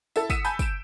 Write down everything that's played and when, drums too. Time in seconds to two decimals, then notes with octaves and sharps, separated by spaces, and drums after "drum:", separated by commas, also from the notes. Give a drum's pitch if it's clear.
0.16 E4 A4, drum: tambourine
0.30 D#6 E6 B6 C#7 D#7 E7, drum: kick, tambourine
0.45 G#5 A5 B5 G6, drum: tambourine
0.59 D7 E7, drum: kick, tambourine